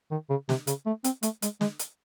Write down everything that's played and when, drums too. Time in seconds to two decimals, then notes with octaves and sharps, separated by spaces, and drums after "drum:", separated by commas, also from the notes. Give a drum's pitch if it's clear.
0.11 D#3
0.30 C#3
0.49 C3, drum: snare
0.67 C#3, drum: hi-hat
0.86 A3
1.04 C4, drum: hi-hat
1.23 A3, drum: hi-hat
1.42 G#3, drum: hi-hat
1.61 G#3, drum: snare
1.79 drum: hi-hat